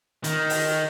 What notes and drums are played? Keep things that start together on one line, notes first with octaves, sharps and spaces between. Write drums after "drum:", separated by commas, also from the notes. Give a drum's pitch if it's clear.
D#3, drum: hi-hat
drum: open hi-hat